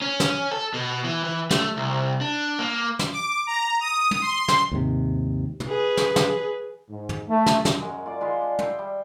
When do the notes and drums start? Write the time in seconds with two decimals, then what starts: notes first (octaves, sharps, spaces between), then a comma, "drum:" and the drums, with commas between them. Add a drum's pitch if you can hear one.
0.02 C#4
0.20 drum: snare
0.52 A4
0.74 B2
1.04 E3
1.24 E3
1.51 A3, drum: snare
1.77 C2
2.21 D4
2.59 A#3
2.99 drum: snare
3.12 D6
3.47 A#5
3.80 D#6
4.11 drum: tom
4.22 C6
4.48 drum: snare
4.72 D#2 G#2 C3
5.60 drum: tom
5.69 G#4 B4
5.97 drum: snare
6.16 drum: snare
6.91 G#2
7.09 drum: tom
7.29 A3
7.46 drum: snare
7.65 drum: snare
7.80 F#2 G#3 A#4
8.06 F4 A#4 D5
8.21 G#3 F4 B5 C6
8.41 D4
8.59 D#5 E5 G5 C6, drum: tom
8.79 G3